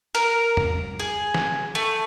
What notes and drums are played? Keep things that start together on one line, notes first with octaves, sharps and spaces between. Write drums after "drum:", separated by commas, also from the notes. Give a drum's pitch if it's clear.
A#4, drum: hi-hat
drum: tom
G#4
drum: snare
A3